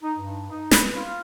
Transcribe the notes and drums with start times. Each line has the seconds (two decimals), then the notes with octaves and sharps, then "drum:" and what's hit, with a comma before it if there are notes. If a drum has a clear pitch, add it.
0.02 D#4
0.18 G2
0.50 D#4
0.71 B4, drum: snare
0.95 F4